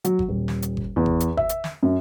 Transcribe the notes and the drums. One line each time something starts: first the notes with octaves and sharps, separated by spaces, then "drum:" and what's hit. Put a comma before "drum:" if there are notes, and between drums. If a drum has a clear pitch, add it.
F#3, drum: hi-hat
drum: kick G1
D#1
drum: snare
drum: hi-hat
drum: kick G1
E2
drum: kick G1
drum: hi-hat
E5, drum: kick G1
drum: hi-hat
drum: snare
F#2